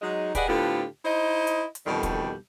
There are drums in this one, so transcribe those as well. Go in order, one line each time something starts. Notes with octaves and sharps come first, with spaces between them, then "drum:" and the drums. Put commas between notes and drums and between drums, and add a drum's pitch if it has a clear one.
F#3 G#3 D#4
G4 G#4 B4 D5 D#5 F#5, drum: kick, hi-hat
A2 D3 B3 C4 F4 G4
D#4 E4 C5 D#5
drum: hi-hat
drum: hi-hat
F2 B2 D3 D#3 G3
drum: kick, hi-hat